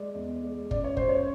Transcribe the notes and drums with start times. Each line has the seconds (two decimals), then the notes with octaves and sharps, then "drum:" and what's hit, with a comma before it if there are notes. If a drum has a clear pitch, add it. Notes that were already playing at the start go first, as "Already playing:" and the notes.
Already playing: G#3 D5
0.15 E2
0.43 G#3
0.71 C#3 D5, drum: kick
0.84 C#5
0.97 F#2 C5, drum: kick
1.09 C#5